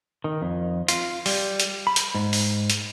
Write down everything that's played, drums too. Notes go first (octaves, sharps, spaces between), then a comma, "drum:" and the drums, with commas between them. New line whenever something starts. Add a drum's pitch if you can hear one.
D#3
F2
F4, drum: hi-hat
G3, drum: open hi-hat
drum: hi-hat
B5
drum: hi-hat
G#2
drum: open hi-hat
drum: hi-hat